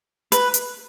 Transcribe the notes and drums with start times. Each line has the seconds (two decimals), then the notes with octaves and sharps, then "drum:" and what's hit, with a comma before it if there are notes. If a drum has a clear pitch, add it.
0.32 B4, drum: hi-hat
0.54 drum: hi-hat